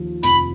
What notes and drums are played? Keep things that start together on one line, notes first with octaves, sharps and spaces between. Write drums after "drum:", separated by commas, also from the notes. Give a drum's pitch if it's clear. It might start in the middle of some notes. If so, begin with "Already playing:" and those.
Already playing: D#2 F3
F1 B5, drum: hi-hat